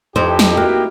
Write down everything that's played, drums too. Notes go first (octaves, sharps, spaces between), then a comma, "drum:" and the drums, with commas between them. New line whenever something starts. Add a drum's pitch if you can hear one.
F2 D#4 E4 G4 C5
drum: snare
A#3 F#4